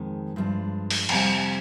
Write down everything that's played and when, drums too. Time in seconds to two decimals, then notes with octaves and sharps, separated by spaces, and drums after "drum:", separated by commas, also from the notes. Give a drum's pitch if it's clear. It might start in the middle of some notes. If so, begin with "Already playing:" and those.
Already playing: F2 D#3 G#3
0.36 G2 F3 G#3 B3 D4
0.90 drum: open hi-hat
1.09 F2 C3 G3 C4, drum: cymbal